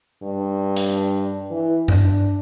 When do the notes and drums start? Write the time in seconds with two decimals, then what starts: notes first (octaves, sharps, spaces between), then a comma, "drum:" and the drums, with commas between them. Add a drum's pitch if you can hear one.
0.23 G2
0.76 drum: hi-hat
1.51 E3
1.88 D4, drum: tom G2